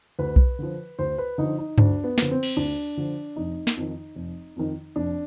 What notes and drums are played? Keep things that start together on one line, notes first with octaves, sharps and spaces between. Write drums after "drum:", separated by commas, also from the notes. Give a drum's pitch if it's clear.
D2 B4
drum: kick B1
D3 F3
D2 C5
B4
D3 F3 D#4
D#4
D2 D4, drum: tom G2
B3
D3 F3, drum: snare
C4
drum: cymbal
D2 D4
D3 F3
F1 D#4
drum: snare
F2 D#3
F1
F2 D#3
F1 D4